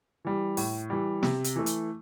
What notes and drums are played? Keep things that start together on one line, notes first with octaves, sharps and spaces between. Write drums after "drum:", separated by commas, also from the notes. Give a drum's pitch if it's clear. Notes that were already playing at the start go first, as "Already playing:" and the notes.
E3 G3
A2, drum: open hi-hat
E3 G3
C3, drum: snare
drum: hi-hat
E3 A3
drum: hi-hat